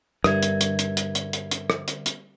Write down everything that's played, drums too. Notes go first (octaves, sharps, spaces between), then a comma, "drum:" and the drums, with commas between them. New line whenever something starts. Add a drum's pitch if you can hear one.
G2 D3 G3 A#4 E5 G#6, drum: rim click
drum: hi-hat
drum: hi-hat
drum: hi-hat
drum: hi-hat
drum: hi-hat
drum: hi-hat
drum: hi-hat
drum: rim click
drum: hi-hat
drum: hi-hat